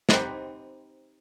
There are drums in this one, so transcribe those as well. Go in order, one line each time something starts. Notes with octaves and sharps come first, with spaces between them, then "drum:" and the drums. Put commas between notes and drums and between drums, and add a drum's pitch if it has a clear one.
C4 D#4 G4 B4 C5 F#5, drum: snare